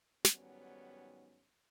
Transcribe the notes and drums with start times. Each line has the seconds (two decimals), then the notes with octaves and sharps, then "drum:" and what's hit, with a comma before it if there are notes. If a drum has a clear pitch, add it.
0.25 G#2 D#3 F#3 G3 B3 C#4, drum: snare